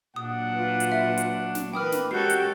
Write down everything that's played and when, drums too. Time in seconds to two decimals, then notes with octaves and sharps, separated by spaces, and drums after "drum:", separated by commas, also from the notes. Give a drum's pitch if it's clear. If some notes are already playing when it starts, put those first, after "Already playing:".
0.16 A#2 F#3 D4 F#5 D#6
0.54 F4 B4
0.80 drum: hi-hat
0.92 E5
1.17 drum: hi-hat
1.55 drum: snare
1.73 E3 A#4 B4 G5 B5 D6 D#6 F6
1.92 drum: snare
2.11 G#3 C#4 F#4 G4 A4 A#4 G5 C7
2.30 drum: hi-hat